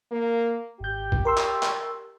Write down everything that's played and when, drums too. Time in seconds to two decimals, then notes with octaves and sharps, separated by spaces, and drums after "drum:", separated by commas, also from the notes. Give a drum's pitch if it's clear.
0.11 A#3
0.80 G#1 G4 G6
1.12 drum: kick
1.25 A#4 C6 E6
1.37 drum: clap
1.63 drum: clap